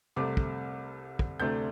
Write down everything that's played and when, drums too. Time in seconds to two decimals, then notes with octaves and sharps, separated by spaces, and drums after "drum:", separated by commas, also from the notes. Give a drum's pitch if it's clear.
0.16 C2 C3 A3 D6
0.37 drum: kick
1.19 drum: kick
1.40 D2 C3 A3 D4 G6